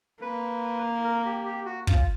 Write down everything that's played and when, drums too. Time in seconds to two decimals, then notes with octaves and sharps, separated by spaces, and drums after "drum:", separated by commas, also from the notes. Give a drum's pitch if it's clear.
0.22 A#3 B4
1.04 A#4
1.26 G4
1.46 G4
1.66 F#4
1.87 F4, drum: kick